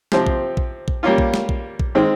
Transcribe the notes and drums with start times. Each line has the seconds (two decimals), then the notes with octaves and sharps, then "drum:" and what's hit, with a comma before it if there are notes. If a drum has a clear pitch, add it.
0.12 C3 F3 C4, drum: snare
0.27 drum: kick A#1
0.57 drum: kick A#1
0.88 drum: kick A#1
1.03 G3 A#3 C#4 F4
1.18 drum: kick A#1
1.34 drum: snare
1.49 drum: kick A#1
1.79 drum: kick A#1
1.95 D#3 G#3 C4